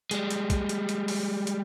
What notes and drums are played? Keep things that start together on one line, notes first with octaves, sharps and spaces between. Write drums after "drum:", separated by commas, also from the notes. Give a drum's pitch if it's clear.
G3 G#3, drum: hi-hat
drum: hi-hat
drum: kick C2, hi-hat
drum: hi-hat
drum: hi-hat
drum: open hi-hat
drum: hi-hat